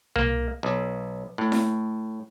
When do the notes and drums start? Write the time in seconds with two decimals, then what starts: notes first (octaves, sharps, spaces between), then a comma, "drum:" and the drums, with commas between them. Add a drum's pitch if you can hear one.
0.16 A#3, drum: tom C2
0.63 B1
1.38 A2
1.52 drum: snare E4